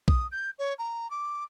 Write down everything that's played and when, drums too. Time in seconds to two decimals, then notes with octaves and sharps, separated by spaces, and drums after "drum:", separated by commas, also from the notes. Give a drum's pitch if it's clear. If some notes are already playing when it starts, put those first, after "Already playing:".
0.08 D#6, drum: kick B1
0.31 G6
0.58 C#5
0.78 A#5
1.10 D6